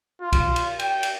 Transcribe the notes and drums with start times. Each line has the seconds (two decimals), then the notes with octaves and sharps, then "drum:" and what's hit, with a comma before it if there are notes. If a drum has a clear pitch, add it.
0.21 F4
0.33 drum: kick, cymbal
0.56 drum: cymbal
0.79 G5, drum: cymbal
1.03 drum: cymbal